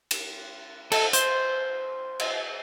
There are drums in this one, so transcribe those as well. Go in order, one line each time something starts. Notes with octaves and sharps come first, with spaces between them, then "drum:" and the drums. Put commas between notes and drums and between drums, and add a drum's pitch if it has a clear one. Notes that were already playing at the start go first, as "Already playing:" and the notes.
drum: cymbal
A4, drum: cymbal
C5, drum: hi-hat
drum: cymbal